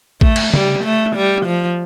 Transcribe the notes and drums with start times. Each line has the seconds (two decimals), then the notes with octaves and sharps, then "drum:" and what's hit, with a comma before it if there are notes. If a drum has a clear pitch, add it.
0.21 A3, drum: kick A1
0.36 drum: cymbal
0.54 G3, drum: tom C#3
0.84 A3
1.16 G3
1.46 F3